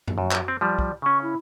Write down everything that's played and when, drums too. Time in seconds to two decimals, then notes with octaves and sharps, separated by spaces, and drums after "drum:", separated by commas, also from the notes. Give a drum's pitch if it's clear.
0.08 drum: tom F#2
0.18 F#2 F#4
0.31 drum: clap
0.48 C4
0.61 F3 G3 D5
0.79 drum: kick
1.02 C#3 C#4 C#6
1.21 E4